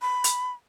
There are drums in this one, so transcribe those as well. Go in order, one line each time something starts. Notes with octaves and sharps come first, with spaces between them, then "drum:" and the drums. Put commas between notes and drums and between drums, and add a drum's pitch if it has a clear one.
B5
drum: hi-hat